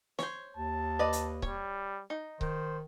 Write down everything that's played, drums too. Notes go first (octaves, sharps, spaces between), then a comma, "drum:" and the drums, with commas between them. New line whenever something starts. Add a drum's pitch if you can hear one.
C5 C#5, drum: snare
D#2 A5
B4 D5 D#5
drum: hi-hat
G3 C#5, drum: kick C#1
D#4
D#3 C5, drum: kick C#1